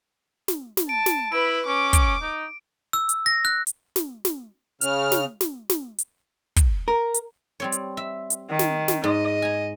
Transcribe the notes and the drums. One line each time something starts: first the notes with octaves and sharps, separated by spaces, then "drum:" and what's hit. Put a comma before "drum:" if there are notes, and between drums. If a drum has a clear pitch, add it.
drum: snare
drum: snare
A5 D7
drum: snare
E4 B4 B5 D7
C#4 D6
drum: kick, hi-hat
D#4
E6
drum: hi-hat
A#6
F#6
drum: hi-hat
drum: snare
drum: snare
C#3 F6, drum: hi-hat
drum: snare
drum: snare
drum: snare
drum: hi-hat
drum: kick, hi-hat
A#4
drum: hi-hat
G3 C4 C#5
drum: hi-hat
E5
drum: hi-hat
D#3
drum: snare
drum: snare
G#2 D#5
G#5 A#5